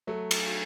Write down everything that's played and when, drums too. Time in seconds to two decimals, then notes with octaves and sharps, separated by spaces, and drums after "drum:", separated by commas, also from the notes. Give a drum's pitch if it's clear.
0.07 F#3 A3
0.31 drum: cymbal